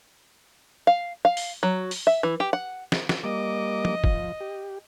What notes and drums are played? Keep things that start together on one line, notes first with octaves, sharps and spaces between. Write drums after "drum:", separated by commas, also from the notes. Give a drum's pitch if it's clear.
F5
F5
drum: open hi-hat
F#3
drum: open hi-hat
E5
E3
G4
F#5
drum: snare
drum: snare
G3 A#3 D#5 D6
drum: tom
F3, drum: kick
G4